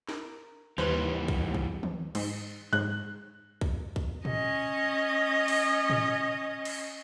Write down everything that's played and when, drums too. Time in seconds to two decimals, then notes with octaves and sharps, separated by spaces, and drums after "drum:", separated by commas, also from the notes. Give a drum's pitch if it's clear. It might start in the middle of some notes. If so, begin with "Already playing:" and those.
0.09 A#4, drum: snare
0.78 D#2 E3 G3 C#4 B4 C5
1.28 drum: kick
1.54 drum: kick
1.83 drum: tom D#3
2.15 G#2, drum: cymbal
2.73 G#2 F#6
3.61 drum: kick
3.96 drum: kick
4.25 C#4 D#5, drum: tom A2
5.48 drum: cymbal
5.90 drum: tom A2
6.65 drum: cymbal